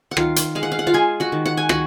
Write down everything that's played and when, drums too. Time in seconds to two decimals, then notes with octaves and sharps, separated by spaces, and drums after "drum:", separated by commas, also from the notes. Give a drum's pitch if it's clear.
0.11 F#5
0.17 D#3 F4 F5, drum: rim click
0.36 drum: hi-hat
0.55 G#3 F5
0.63 F#5
0.72 F5
0.79 F#5
0.87 F4 F5
0.94 G#3 G#4 G#5
1.20 F#4 F#5
1.32 D#3
1.46 F#5
1.57 G#5
1.69 D#3 F#4 F#5, drum: rim click